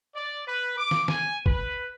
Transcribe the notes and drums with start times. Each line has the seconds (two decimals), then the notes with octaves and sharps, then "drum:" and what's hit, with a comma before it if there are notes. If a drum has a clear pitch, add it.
0.15 D5
0.47 B4
0.78 D6
0.91 drum: snare
1.08 G#5, drum: snare
1.46 B4, drum: kick